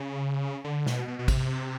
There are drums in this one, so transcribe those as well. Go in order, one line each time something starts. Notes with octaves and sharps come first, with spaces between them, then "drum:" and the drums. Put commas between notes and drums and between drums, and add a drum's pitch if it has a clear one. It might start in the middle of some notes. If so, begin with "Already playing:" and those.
Already playing: C#3
D3
B2, drum: snare
B2
B2
C3, drum: kick, cymbal